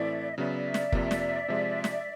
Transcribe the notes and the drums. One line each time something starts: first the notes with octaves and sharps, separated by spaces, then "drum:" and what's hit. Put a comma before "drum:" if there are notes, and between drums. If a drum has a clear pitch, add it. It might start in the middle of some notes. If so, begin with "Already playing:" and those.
Already playing: A2 E3 A3 C4 E4 D5 E5
D#5
C#3 F#3 B3 D5 E5
drum: snare
F2 C3 F3 A#3, drum: kick
drum: snare
C3 F3 G#3
drum: snare